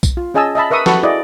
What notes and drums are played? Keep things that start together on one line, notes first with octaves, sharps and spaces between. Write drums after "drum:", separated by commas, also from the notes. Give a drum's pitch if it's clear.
drum: kick B1, tambourine
F4
C#4 G#4 D#5 G#5 A5 E6
D#5 E5 A5 B5
A#4 B4 E5 C#6 D#6
F#4 A4 B4 A5 C#6, drum: snare
E4 F#4 G#4 D5 D#5